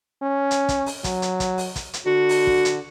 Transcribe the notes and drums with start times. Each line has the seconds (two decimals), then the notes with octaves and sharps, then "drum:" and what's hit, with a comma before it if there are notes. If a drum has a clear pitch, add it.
0.22 C#4
0.51 drum: hi-hat
0.69 drum: kick, hi-hat
0.86 drum: open hi-hat
1.04 F#3, drum: kick, hi-hat
1.22 drum: hi-hat
1.40 drum: kick, hi-hat
1.58 drum: open hi-hat
1.76 drum: kick, hi-hat
1.93 drum: hi-hat
2.06 D3 F#4
2.29 drum: open hi-hat
2.47 drum: kick
2.65 drum: hi-hat